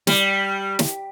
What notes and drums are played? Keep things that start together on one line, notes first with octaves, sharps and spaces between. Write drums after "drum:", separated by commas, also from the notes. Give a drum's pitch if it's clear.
G3, drum: snare
drum: snare